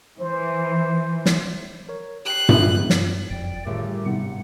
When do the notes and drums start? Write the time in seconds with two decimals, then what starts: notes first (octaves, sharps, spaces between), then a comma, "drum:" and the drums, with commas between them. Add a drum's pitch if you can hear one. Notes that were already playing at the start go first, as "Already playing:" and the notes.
0.20 E3 C5
1.26 drum: snare
1.89 A#4 C#5
2.25 G4 G5 F#6 C7
2.49 drum: tom G2
2.61 F3 G#3 B3 F4
2.90 drum: snare
3.31 F#1 F2 D5 G5
3.67 G1 A2 D#3 A3 G4 G#4 C#5 E5
4.06 G#2 C3 G3 B3 F#5